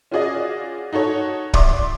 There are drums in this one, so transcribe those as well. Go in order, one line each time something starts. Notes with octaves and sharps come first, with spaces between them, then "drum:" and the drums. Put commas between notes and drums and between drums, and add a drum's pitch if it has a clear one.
C#4 F4 F#4 G#4 D5 D#5
D#4 F#4 A4 C#5
D5 E5 C6 D6, drum: kick